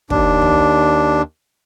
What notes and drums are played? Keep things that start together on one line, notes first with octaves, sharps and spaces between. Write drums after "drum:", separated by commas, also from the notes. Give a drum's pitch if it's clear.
D#2 D4, drum: kick
drum: tom